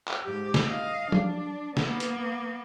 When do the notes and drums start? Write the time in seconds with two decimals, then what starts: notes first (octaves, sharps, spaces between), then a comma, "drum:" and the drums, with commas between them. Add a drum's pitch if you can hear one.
0.08 drum: clap
0.24 G#2 G4
0.54 drum: snare
0.67 D#5 F5
1.12 D4, drum: tom F3
1.77 A#3 B3, drum: snare
2.00 drum: hi-hat